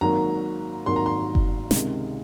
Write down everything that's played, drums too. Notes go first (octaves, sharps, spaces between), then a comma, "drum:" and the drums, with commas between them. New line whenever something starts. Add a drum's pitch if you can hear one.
G#1 G#2 D#3 F#3 A#3 A#5
G#1 G#2 D#3 F#3 A#3 C6
A#5
C6
drum: kick F#1
C#2 C3 D#3 G#3, drum: snare